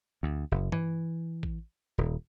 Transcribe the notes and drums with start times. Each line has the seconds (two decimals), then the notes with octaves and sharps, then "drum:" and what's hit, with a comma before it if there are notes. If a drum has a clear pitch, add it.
0.23 D2
0.51 F#1
0.72 E3, drum: tom G2
1.43 drum: kick A1
1.98 D#1